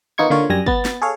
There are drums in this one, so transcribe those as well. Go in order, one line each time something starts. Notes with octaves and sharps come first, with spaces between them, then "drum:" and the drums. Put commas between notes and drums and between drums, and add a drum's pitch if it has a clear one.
D#3 B3 D#4 F4 C#6 G#6
D3 A#3 F4 C#5
F#2 G3 G#5 A#6
B3 A6, drum: kick
drum: snare
G#4 A4 C#5 F5